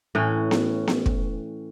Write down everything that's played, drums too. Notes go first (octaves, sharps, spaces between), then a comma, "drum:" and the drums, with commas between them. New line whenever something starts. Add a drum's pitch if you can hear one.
A2 E3 C#4
drum: snare B3
drum: snare B3
drum: kick